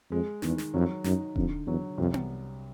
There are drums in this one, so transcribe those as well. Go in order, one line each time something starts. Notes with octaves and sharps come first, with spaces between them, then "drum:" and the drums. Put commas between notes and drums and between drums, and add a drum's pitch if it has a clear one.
F2 G#3
E2 D#3, drum: snare
drum: snare
F2 F#3
F#2 D#4, drum: snare
F2 D3, drum: kick D#1
E2 F#3
C2 F2
drum: tom B3